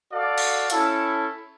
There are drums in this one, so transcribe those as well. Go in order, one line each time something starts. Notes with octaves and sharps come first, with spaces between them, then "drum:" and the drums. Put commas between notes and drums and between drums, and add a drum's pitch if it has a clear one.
F#4 A4 D5 F5
drum: cymbal
C#4 E4 A4, drum: hi-hat